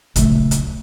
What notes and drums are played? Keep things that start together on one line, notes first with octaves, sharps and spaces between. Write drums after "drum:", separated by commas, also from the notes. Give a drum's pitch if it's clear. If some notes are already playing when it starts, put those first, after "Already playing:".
D1 A#1 C#3 A3, drum: kick G1, hi-hat
drum: hi-hat